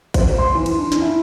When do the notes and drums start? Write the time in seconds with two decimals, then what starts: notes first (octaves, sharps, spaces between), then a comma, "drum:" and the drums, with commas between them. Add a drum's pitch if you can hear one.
0.14 C5, drum: kick A1, cymbal
0.38 C6
0.55 E3
0.66 drum: cymbal
0.78 D4
0.92 drum: snare
1.02 E4